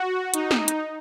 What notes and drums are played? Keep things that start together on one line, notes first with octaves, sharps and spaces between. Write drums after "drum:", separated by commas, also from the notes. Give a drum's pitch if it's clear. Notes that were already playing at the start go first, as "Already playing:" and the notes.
Already playing: F#4
D#4, drum: hi-hat
drum: snare
drum: hi-hat